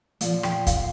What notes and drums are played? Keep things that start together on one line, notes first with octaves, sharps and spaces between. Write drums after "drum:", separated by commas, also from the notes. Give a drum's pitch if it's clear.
A#2 F3 A#3 F5, drum: hi-hat
G5, drum: rim click
F5, drum: kick, hi-hat